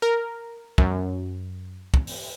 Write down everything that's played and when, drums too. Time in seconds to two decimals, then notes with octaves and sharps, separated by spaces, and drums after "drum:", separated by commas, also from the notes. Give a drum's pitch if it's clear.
0.02 A#4
0.78 F#2, drum: kick
1.94 drum: kick
2.07 drum: open hi-hat